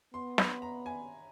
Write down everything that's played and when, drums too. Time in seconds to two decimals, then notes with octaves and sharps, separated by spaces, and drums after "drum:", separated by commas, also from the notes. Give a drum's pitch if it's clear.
0.14 B3 C6
0.38 B5, drum: snare
0.62 A#5
0.86 G#5